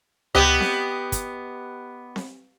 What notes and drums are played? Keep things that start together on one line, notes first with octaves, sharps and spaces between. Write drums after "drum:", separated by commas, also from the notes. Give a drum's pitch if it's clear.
B3 G4 D#5, drum: tom C#2
drum: snare C4
drum: kick, hi-hat
drum: snare C4